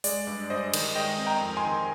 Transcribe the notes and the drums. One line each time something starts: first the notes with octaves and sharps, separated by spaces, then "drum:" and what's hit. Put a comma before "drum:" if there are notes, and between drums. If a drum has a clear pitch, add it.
G#3 D5, drum: open hi-hat
G2
G2 C5 D#5
D#3, drum: cymbal
G#3 D#5 G5
C4
G5 A#5
F2
G#5 C6
D#3